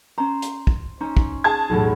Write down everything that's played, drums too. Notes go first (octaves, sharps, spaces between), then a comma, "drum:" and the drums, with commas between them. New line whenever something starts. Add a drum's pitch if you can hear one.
C#4 C5 A#5
drum: hi-hat
drum: kick
C#4 D#4 C5
drum: kick
G#4 A5 G#6
B1 E2 A2